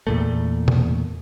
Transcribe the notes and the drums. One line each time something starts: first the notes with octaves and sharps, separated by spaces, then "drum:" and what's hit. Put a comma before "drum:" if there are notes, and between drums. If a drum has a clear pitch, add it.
E2 A#2 A3
drum: tom B2